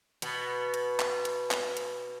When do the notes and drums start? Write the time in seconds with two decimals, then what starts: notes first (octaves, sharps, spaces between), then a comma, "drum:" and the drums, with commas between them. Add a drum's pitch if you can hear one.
0.22 B2 B3, drum: hi-hat
0.74 drum: hi-hat
0.99 drum: clap
1.25 drum: hi-hat
1.51 drum: clap
1.77 drum: hi-hat